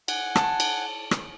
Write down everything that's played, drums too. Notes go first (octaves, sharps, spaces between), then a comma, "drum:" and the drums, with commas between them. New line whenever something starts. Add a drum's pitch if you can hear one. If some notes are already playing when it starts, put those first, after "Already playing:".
F#5 G#5, drum: cymbal
A5, drum: rim click
drum: cymbal
drum: rim click